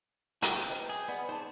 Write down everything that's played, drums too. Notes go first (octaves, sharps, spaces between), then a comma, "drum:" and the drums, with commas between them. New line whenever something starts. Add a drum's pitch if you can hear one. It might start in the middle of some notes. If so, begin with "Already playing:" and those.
E4 F#4 B4 G5 D6, drum: hi-hat
G6
B4 C5 D#5
G#4
B3 D5
D#4 G#4 C5 A5